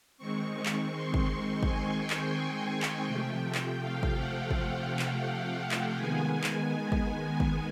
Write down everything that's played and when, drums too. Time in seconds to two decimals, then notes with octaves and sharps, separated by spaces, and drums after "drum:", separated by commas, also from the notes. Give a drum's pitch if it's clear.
0.18 D#3 G#3 C4 C#6
0.66 drum: clap
0.90 C6
1.14 drum: kick
1.63 G#5, drum: kick
1.98 G5
2.10 drum: clap
2.34 G#5
2.70 G5
2.82 drum: clap
3.06 C3 F3 A3 G5
3.42 G5
3.55 drum: clap
3.78 F5
4.03 drum: kick
4.14 F#5
4.51 G5, drum: kick
4.99 drum: clap
5.71 drum: clap
5.96 D#3 G#3 B3 G#5
6.44 drum: clap
6.92 drum: kick
7.40 drum: kick